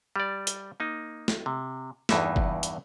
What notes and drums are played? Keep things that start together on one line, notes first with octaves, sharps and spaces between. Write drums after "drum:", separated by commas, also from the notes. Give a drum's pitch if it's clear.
G3 D5
drum: hi-hat
A#3 D#4
drum: snare
C3
E2 G2 E3 D#4 E5, drum: snare
drum: kick
drum: hi-hat